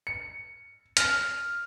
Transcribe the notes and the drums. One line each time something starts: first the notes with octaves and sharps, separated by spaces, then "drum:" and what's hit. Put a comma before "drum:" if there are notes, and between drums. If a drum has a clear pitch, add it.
C#7
F6, drum: hi-hat